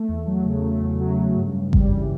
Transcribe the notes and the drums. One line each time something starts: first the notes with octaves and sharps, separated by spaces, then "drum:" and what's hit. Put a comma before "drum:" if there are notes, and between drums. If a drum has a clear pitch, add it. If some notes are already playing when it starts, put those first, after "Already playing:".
Already playing: A3
E2
F#3
C#3
A3
E2
F#3
C#3
G2
G2
G3, drum: kick G#1
E3